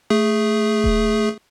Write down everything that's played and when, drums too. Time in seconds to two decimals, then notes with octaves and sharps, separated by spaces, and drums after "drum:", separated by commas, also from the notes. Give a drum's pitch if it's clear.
0.10 A3 G#4
0.84 drum: kick D#1